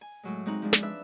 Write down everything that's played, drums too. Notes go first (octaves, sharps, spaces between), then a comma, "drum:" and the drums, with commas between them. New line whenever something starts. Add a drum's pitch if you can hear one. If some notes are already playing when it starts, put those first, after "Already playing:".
G#5
A2 F#3 G#3
G#3 C4 D#4 F#4 F#6
F3 G#3 D4
drum: snare
D4 B4 E5 E6